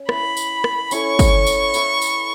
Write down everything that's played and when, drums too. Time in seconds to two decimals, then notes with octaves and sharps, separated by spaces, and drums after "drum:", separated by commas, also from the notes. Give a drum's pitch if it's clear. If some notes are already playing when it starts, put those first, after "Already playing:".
Already playing: C#4
0.09 E4 B4 E5 B5, drum: rim click
0.37 drum: tambourine
0.64 drum: rim click
0.91 C#4 E4 A4 C#5 C#6, drum: tambourine
1.19 drum: kick, tambourine
1.47 drum: tambourine
1.74 E4 B4 E5, drum: tambourine
2.02 drum: tambourine